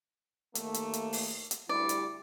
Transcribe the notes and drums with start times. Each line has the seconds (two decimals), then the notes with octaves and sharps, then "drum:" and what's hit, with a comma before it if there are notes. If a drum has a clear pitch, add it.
0.55 D#2 A3 A#3, drum: hi-hat
0.74 drum: hi-hat
0.93 drum: hi-hat
1.13 drum: open hi-hat
1.51 drum: hi-hat
1.69 D2 G3 E4 D5
1.89 drum: hi-hat